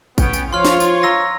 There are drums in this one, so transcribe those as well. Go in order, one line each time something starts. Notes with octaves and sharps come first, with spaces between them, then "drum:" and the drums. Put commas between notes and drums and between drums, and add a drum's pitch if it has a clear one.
B3 C#4 G5, drum: kick A1, tambourine
drum: tambourine
F3 F4 C#5 C6 F6
drum: snare
drum: tambourine
A#5 E6 A#6